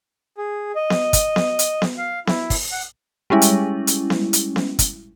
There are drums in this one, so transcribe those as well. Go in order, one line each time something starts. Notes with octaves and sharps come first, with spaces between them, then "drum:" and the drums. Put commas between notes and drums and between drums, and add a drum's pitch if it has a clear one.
G#4
D#5
drum: snare B3
drum: kick, hi-hat
drum: snare B3
drum: hi-hat
drum: snare B3
F5
E4, drum: snare B3
drum: kick, open hi-hat
F#5
G3 G#3 C#4 E4
drum: hi-hat
drum: hi-hat
drum: snare B3
drum: hi-hat
drum: snare B3
drum: kick, hi-hat